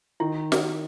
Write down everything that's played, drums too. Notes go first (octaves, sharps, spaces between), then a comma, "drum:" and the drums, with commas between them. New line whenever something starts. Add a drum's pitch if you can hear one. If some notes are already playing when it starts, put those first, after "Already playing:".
D#3 E4
drum: snare